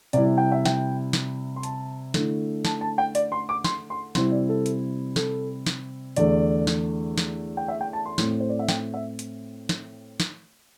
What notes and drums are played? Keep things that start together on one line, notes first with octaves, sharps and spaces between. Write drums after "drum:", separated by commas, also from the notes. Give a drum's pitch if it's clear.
C3 G3 E4 D5, drum: hi-hat
G5
E5
G5, drum: snare
drum: snare
C6
A5, drum: hi-hat
D3 A3 E4, drum: snare
A5, drum: snare
A5
G5
D5, drum: hi-hat
C6
D6
C6, drum: snare
C6
C3 G3 C4 E4 C6, drum: snare
D5
A4
drum: hi-hat
A4, drum: snare
drum: snare
E2 D3 A3 D5, drum: hi-hat
drum: snare
drum: snare
G5
E5
G5
A5
C6
A2 A3 C4, drum: snare
C5
D5
E5
G5, drum: snare
E5
drum: hi-hat
drum: snare
drum: snare